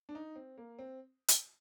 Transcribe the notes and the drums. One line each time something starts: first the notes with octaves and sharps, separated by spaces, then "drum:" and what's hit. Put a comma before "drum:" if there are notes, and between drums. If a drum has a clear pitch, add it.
D4
D#4
C4
A#3
C4
drum: hi-hat